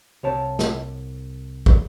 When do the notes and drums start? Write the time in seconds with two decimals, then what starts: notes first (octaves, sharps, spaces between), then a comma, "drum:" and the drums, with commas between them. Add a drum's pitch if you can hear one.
0.23 C2 C#5 A5
0.59 drum: snare
1.66 drum: kick